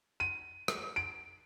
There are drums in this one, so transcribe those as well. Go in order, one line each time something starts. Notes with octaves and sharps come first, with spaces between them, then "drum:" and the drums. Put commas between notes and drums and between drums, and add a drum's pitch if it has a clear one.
D#7
drum: rim click
D7